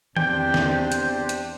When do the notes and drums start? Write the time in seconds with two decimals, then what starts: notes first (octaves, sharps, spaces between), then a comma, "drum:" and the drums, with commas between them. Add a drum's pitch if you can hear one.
0.17 E2 C4 D4 G4 C5 G5, drum: tom D#3
0.54 drum: snare
0.92 drum: hi-hat
1.29 drum: hi-hat